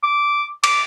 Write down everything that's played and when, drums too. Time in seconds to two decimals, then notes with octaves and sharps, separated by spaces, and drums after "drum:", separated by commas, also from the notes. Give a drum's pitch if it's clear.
0.04 D6
0.64 D6, drum: cymbal